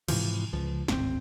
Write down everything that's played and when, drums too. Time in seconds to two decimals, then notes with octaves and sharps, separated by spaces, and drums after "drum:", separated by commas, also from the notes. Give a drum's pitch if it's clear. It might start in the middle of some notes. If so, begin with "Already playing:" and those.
0.08 G#2 C3 E3 F3, drum: cymbal
0.53 C#2 F3
0.88 D1 G#1 C4, drum: snare